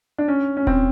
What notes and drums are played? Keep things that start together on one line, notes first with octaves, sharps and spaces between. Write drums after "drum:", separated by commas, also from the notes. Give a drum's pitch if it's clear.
D4
C#4
C#4
C4, drum: kick D#1